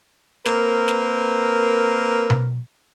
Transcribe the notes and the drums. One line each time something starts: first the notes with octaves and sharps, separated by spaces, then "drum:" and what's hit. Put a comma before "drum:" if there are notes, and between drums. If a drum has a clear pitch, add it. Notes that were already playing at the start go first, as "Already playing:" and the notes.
A#3 C4 A#4 B4, drum: snare
drum: snare
drum: tom B2